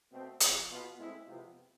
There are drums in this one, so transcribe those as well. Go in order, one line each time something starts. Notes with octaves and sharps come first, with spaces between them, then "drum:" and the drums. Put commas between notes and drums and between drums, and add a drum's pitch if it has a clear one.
B2 A3 C4
E2 C3 F3 G#4, drum: hi-hat
B2 B3 F4
A2 G#3 C4 E4
F2 C3 G#3 B3 F4